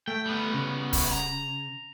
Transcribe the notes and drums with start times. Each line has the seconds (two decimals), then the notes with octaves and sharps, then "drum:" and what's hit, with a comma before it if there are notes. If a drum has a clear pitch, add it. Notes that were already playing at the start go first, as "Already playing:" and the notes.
0.08 A3 G5
0.26 G3 B3
0.54 C#3
0.93 drum: kick, open hi-hat
1.11 A#5